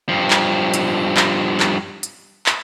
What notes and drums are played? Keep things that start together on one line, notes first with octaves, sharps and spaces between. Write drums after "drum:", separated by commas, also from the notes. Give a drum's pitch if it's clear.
G2 F3
drum: clap
drum: hi-hat
drum: clap
drum: clap
drum: hi-hat
drum: clap